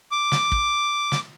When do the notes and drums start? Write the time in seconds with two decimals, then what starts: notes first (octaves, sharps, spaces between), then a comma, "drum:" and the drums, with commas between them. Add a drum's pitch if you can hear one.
0.12 D6
0.32 drum: snare
0.52 drum: kick
1.12 drum: snare